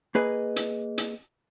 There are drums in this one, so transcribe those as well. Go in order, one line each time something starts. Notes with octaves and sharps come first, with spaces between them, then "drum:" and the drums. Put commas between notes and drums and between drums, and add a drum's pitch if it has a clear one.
A#3 G#4 B4 D#5
drum: hi-hat
drum: hi-hat